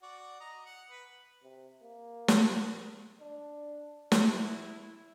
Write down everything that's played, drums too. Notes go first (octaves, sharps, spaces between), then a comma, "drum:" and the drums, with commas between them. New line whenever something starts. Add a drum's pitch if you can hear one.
F#4 D5
D#5 A#5
F#5
B4
C3
A#3
drum: snare
D4
E4, drum: snare